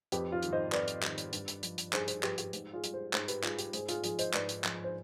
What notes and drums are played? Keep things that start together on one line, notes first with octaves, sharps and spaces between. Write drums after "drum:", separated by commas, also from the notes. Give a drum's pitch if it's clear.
F2 G4 B4, drum: hi-hat
F4
D#3 G3, drum: hi-hat
C5 D#5
F2 B4 D5, drum: clap
drum: hi-hat
D#3 G3, drum: clap
drum: hi-hat
G2, drum: hi-hat
drum: hi-hat
F3, drum: hi-hat
drum: hi-hat
G2 G#4 C5, drum: clap
G#4 C5, drum: hi-hat
F3 G4 B4, drum: clap
G4 B4, drum: hi-hat
G#2, drum: hi-hat
F4 G#4
G3, drum: hi-hat
G#4 C5
G#2 G#4 C5, drum: clap
G4 B4, drum: hi-hat
G3 F4 G#4, drum: clap
G4, drum: hi-hat
G#2 G#4 C5, drum: hi-hat
F4 G#4, drum: hi-hat
F3 F4 G#4, drum: hi-hat
C5 D#5, drum: hi-hat
G#2 B4 D5, drum: clap
drum: hi-hat
F3, drum: clap
C5